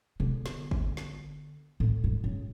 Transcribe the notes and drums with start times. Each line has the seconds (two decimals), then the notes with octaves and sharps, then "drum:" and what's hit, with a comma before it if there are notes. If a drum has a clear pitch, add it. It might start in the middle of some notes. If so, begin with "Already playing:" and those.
0.20 D3 B3, drum: tom B2
0.46 drum: snare
0.71 drum: kick G1
0.97 drum: snare
1.80 D2 A2
2.04 G2
2.24 C#3